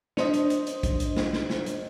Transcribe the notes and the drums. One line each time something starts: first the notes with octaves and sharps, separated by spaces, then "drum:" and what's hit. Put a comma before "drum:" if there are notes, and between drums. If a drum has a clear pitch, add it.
D4 C5 D#5, drum: snare
drum: hi-hat
drum: hi-hat
drum: hi-hat
drum: kick, hi-hat
drum: hi-hat
drum: snare
drum: snare
drum: snare
drum: hi-hat